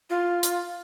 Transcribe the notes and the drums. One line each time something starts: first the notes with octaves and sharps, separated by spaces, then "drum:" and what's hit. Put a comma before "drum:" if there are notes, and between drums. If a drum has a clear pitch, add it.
F4
drum: hi-hat